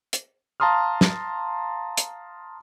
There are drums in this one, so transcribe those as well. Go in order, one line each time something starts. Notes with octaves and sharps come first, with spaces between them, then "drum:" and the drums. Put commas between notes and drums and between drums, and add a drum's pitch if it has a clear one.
drum: hi-hat
F5 A5 A#5 C6 D#6 F6
drum: snare
drum: hi-hat